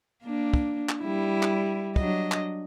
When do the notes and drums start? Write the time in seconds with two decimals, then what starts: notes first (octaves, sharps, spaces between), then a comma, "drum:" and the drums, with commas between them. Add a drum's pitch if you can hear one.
0.24 A#3 D4
0.54 drum: kick
0.89 drum: clap
1.01 G3 E4
1.43 drum: clap
1.96 F#3 D4 D#5, drum: kick
2.32 drum: clap